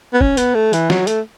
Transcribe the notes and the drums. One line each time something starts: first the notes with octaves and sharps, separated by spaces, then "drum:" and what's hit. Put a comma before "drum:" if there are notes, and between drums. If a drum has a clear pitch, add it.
B3
C#4, drum: kick
B3, drum: hi-hat
A3
E3, drum: hi-hat
F#3, drum: snare
A3, drum: hi-hat